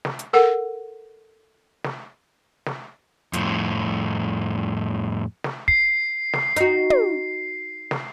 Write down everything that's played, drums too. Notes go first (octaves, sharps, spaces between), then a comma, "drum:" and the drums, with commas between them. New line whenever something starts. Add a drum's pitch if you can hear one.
drum: snare
drum: hi-hat
A4 A#4 F#5
drum: snare
drum: snare
F2 A2, drum: hi-hat
drum: snare
C7, drum: kick
drum: snare
D#4 F#4, drum: hi-hat
drum: tom
drum: snare